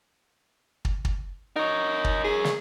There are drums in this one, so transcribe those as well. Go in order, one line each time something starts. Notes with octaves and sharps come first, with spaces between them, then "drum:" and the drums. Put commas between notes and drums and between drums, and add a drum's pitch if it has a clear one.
drum: kick
drum: kick
D#4 A#4 C#5
drum: kick
G#4
drum: snare